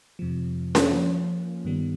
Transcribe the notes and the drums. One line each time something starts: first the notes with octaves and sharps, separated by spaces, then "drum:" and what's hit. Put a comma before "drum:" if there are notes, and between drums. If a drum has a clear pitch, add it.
F2 C3 F3
drum: snare C#4
F3 A#3 C#4 F4
G2 D#3 G3 B3